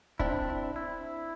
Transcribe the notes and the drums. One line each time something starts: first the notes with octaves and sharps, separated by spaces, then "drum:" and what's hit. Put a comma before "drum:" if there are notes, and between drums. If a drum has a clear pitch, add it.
C4 D4 E4, drum: kick
E4